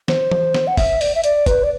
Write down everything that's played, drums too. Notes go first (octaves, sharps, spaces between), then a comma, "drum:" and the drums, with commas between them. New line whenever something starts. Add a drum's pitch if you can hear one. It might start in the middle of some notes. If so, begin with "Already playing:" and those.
C5, drum: snare
drum: tom E3
drum: snare
F#5
E5, drum: kick, open hi-hat
D5, drum: open hi-hat
E5
D5, drum: hi-hat
B4, drum: kick, hi-hat
D5